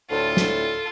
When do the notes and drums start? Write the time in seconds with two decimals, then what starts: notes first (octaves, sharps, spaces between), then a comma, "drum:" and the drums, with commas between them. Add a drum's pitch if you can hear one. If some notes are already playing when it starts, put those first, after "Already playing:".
0.10 D2 A2 F4 A4
0.37 drum: snare